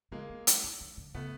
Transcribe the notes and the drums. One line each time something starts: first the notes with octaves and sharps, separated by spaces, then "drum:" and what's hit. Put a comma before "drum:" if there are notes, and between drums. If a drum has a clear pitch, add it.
D3 G#3 A#3
D#3
drum: hi-hat
D#3
D#3
D3
C#3 A3 B3